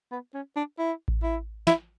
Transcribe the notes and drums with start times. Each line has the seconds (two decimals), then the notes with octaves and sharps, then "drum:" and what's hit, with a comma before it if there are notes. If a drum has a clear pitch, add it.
0.12 B3
0.34 C#4
0.56 D4
0.79 E4
1.08 drum: kick A1
1.23 E4
1.67 E4, drum: snare